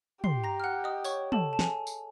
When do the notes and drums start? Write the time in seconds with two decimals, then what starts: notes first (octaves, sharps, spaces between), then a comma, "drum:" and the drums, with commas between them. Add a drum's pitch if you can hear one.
0.24 G4 C6 C7, drum: tom
0.44 A#5 A#6
0.60 F6
0.64 F#5 F#6
0.84 D#5 D#6
1.04 C#5 C#6, drum: tambourine
1.32 A4 A5, drum: tom
1.53 A5
1.59 G#4 G#5, drum: snare
1.87 drum: tambourine